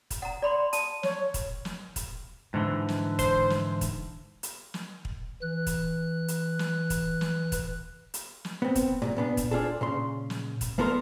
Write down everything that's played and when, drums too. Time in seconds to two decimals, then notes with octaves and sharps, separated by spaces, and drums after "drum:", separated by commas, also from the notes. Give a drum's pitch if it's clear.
0.11 drum: kick, hi-hat
0.22 F#5 A#5
0.42 D5 B5 C6
0.73 A5, drum: hi-hat
1.03 C#5, drum: snare
1.34 drum: kick, hi-hat
1.65 drum: snare
1.96 drum: kick, hi-hat
2.54 G#2 D3 E3
2.89 drum: snare
3.19 C5, drum: kick, hi-hat
3.50 drum: snare
3.81 drum: kick, hi-hat
4.43 drum: hi-hat
4.74 drum: snare
5.05 drum: kick
5.42 E3 F#6
5.67 drum: kick, hi-hat
6.28 drum: hi-hat
6.59 drum: snare
6.90 drum: kick, hi-hat
7.21 drum: snare
7.52 drum: kick, hi-hat
8.14 drum: hi-hat
8.45 drum: snare
8.62 B3 C4
8.75 drum: kick, hi-hat
9.02 C2 F#2 A#2
9.17 A#2 B3 D4
9.37 drum: kick, hi-hat
9.51 D4 F4 G#4 A4
9.81 A#2 C#3 C6
10.30 drum: snare
10.61 drum: kick, hi-hat
10.78 E2 A#3 B3 A4 A#4 C6